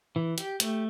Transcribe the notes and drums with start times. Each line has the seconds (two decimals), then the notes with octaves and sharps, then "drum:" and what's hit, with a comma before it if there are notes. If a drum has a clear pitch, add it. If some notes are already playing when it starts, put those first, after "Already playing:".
0.16 E3
0.38 G4, drum: hi-hat
0.60 A3, drum: hi-hat